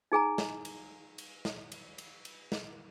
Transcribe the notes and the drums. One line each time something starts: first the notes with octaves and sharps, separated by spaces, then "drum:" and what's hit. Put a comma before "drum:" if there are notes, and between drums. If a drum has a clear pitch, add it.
D#4 G#4 G#5 A#5
drum: snare
drum: cymbal
drum: cymbal
drum: snare
drum: cymbal
drum: cymbal
drum: cymbal
drum: snare